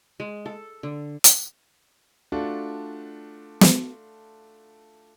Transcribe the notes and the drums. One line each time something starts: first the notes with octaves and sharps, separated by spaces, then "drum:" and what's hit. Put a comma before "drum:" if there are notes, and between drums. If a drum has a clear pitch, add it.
G#3
A4
D3
drum: hi-hat
A3 D4 F4 F#4
drum: snare